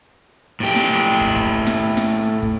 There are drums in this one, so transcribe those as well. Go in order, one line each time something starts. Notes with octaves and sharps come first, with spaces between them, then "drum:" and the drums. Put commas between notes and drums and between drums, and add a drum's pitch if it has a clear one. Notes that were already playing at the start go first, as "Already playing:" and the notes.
A2 G4
drum: snare
drum: kick
drum: kick
drum: snare
drum: snare
drum: kick